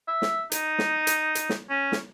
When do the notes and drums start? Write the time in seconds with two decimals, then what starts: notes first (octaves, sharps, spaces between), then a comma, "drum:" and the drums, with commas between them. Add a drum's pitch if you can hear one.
0.08 E5
0.22 drum: snare
0.52 D#4, drum: hi-hat
0.79 drum: snare
1.07 drum: hi-hat
1.35 drum: hi-hat
1.49 drum: snare
1.70 C#4
1.92 drum: snare